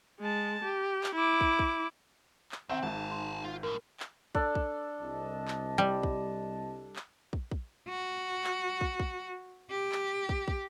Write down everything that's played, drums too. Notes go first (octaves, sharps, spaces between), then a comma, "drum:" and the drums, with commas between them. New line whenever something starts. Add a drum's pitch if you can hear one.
G#3 A5
G4
drum: clap
E4 D6
drum: kick
drum: kick
drum: clap
D#3 C4 E5 F#5 G5
G#1 G#2 G#5 A5
C6
F4
F#2 A2 A#4
drum: clap
D4 A4 D5, drum: kick
drum: kick
C2 D#5 A5
drum: clap
G3
drum: kick
drum: clap
drum: kick
drum: kick
F#4
drum: clap
drum: kick
drum: kick
G4
drum: clap
drum: kick
drum: kick